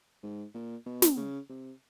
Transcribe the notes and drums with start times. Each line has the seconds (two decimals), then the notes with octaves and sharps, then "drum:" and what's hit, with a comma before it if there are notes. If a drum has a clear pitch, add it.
0.23 G#2
0.54 A#2
0.86 B2
1.02 drum: snare
1.17 C#3
1.50 C3